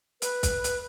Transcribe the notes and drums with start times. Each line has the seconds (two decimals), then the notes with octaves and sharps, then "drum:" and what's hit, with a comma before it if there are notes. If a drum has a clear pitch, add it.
0.22 B4, drum: hi-hat
0.43 drum: kick, hi-hat
0.64 drum: hi-hat